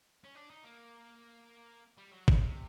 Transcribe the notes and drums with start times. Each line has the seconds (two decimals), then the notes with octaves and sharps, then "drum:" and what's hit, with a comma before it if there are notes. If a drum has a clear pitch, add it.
0.24 C#4
0.35 D4
0.50 D#4
0.64 A#3
1.98 G3
2.11 F#3
2.28 drum: kick
2.42 C3